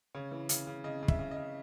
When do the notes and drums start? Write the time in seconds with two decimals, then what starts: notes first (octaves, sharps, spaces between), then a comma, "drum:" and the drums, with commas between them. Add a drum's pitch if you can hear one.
0.15 C#3 C#5
0.31 E3
0.49 C#3, drum: hi-hat
0.67 C#3
0.84 C#3 D#5
1.02 C#3
1.08 E5, drum: kick
1.19 C#3
1.31 D#5
1.37 C#3